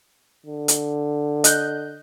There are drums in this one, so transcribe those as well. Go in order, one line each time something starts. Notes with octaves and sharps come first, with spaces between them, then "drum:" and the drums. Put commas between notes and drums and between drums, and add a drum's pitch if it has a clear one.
D3
drum: hi-hat
D#5 F#6 G6, drum: hi-hat